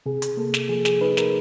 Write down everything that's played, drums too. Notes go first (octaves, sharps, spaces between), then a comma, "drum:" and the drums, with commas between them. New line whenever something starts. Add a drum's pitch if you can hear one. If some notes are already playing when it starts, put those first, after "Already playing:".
C3 G#4
drum: hi-hat
A#3 A4
drum: snare
F3 G#4
G#4, drum: snare
D#4 B4
A#4, drum: snare